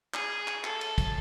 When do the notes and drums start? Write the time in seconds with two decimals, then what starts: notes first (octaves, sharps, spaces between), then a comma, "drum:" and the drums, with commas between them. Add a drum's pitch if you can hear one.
0.14 G#4, drum: clap
0.48 drum: clap
0.64 A4, drum: clap
0.81 drum: cymbal
0.98 drum: kick, cymbal